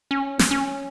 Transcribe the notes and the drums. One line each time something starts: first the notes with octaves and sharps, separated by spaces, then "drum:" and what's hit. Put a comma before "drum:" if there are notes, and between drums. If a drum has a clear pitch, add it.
C#4
drum: snare
C#4